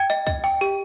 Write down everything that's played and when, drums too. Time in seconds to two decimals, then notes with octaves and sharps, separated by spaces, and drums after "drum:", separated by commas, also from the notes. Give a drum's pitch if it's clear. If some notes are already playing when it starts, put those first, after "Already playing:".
Already playing: G5 G#6
0.10 D#5
0.27 D#5, drum: kick
0.44 G5
0.61 G4